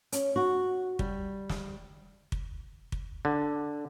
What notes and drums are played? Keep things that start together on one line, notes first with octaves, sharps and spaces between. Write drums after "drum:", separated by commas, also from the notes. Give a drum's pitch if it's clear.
C#4, drum: hi-hat
F#4
G3, drum: kick
drum: snare
drum: kick
drum: kick
D3